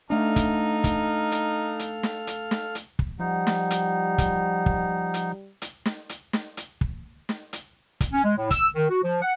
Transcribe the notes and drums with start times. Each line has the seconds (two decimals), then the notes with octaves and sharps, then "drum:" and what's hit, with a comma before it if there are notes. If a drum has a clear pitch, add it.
0.10 A3 D4 D#4 A4 F5 F6
0.36 drum: kick, hi-hat
0.84 drum: kick, hi-hat
1.32 drum: hi-hat
1.79 drum: hi-hat
2.03 drum: snare
2.27 drum: hi-hat
2.51 drum: snare
2.75 drum: hi-hat
2.99 drum: kick
3.19 F3 G3 D#4 F#5
3.47 drum: snare
3.71 drum: hi-hat
4.18 drum: kick, hi-hat
4.66 drum: kick
5.14 drum: hi-hat
5.62 drum: hi-hat
5.86 drum: snare
6.09 drum: hi-hat
6.33 drum: snare
6.57 drum: hi-hat
6.81 drum: kick
7.29 drum: snare
7.53 drum: hi-hat
8.01 drum: kick, hi-hat
8.12 C#4
8.24 G#3
8.38 A2
8.51 E6, drum: kick, hi-hat
8.75 D#3
8.90 F#4
9.03 F3
9.22 F#5